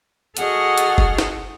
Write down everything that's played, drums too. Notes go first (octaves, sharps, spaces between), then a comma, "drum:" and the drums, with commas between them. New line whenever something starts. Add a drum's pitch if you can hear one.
F#4 G#4 A4 D#5 F#5 F6, drum: hi-hat
drum: hi-hat
drum: kick F1
drum: snare